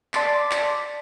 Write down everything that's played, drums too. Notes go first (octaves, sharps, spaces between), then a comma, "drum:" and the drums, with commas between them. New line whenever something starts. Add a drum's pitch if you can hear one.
D5 A5 C6 D6 A6 B6, drum: clap
drum: clap